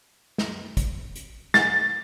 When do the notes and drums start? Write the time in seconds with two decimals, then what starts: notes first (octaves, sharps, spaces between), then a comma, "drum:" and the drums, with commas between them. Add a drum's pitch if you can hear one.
0.38 drum: snare
0.77 drum: kick, hi-hat
1.16 drum: hi-hat
1.54 A6, drum: snare